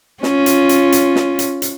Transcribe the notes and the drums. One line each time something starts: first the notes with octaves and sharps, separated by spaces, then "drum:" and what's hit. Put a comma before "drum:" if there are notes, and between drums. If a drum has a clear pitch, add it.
C#4 F4, drum: snare
drum: hi-hat
drum: hi-hat
drum: hi-hat
drum: snare
drum: hi-hat
drum: hi-hat